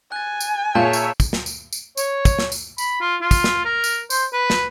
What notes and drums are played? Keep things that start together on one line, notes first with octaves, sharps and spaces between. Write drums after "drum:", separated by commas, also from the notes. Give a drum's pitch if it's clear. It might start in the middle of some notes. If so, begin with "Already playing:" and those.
G#5 F#6 A6
drum: tambourine
A#2 G#4 C#5 E5 A5 A#5 G6
drum: tambourine
drum: kick, tambourine
drum: snare
drum: tambourine
drum: tambourine
C#5, drum: tambourine
drum: kick, tambourine
drum: snare
drum: tambourine
B5, drum: tambourine
F4
F4
drum: kick, tambourine
drum: snare
A#4
drum: tambourine
C5, drum: tambourine
B4
drum: snare